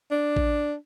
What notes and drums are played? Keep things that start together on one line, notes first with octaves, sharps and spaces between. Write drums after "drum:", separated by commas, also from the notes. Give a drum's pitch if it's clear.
D4
drum: kick A1